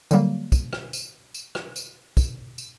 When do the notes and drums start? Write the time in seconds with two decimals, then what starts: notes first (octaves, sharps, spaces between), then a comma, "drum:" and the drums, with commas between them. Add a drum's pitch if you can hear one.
0.11 D3 F#3 G3 A#3, drum: tambourine
0.52 drum: kick, tambourine
0.73 drum: rim click
0.93 drum: tambourine
1.34 drum: tambourine
1.55 drum: rim click
1.76 drum: tambourine
2.17 drum: kick, tambourine
2.58 drum: tambourine